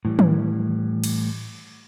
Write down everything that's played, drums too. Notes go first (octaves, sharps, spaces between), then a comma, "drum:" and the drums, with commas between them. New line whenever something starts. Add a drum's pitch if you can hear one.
A2 E3 G3
drum: tom D#3
drum: cymbal